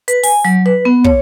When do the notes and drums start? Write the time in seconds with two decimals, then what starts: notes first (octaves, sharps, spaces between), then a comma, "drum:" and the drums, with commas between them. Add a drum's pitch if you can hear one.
0.08 B4, drum: hi-hat
0.23 G#5, drum: open hi-hat
0.45 F#3
0.66 B4
0.85 B3
1.04 C#5, drum: kick